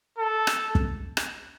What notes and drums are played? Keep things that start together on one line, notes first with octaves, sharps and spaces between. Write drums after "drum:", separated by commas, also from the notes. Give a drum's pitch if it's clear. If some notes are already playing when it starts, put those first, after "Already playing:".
A4
drum: rim click
drum: kick
drum: rim click